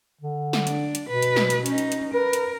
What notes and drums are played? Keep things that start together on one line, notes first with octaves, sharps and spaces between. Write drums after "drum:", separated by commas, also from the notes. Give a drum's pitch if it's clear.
D3
drum: snare
D4, drum: hi-hat
drum: hi-hat
B2 B4
drum: hi-hat
drum: snare
drum: hi-hat
C#4 D#4, drum: hi-hat
drum: hi-hat
drum: hi-hat
A#4 B4
drum: hi-hat